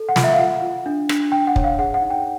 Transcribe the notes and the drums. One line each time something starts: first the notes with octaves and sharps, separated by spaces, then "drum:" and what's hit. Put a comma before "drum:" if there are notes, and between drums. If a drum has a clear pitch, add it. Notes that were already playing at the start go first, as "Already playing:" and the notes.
Already playing: A4
F#5
F4, drum: snare
E5
F5
F4 F#5
F4
D4
D4, drum: rim click
D4 G5
F#5
C#5, drum: kick
F5
G#4 F#5
F#5
D#4
G5